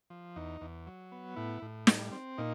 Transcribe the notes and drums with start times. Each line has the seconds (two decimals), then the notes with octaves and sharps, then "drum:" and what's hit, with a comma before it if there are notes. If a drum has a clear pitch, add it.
0.10 F3
0.36 E2 D#4
0.61 E2
0.87 F#3
1.12 B3
1.36 A2 E4
1.62 A2
1.87 G3, drum: snare
2.12 C4
2.38 A#2 D#4